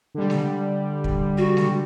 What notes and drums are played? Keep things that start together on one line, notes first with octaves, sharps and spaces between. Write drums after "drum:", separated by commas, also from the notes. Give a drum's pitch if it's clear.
D3 G3
drum: snare G#3
drum: kick
F#4
drum: snare G#3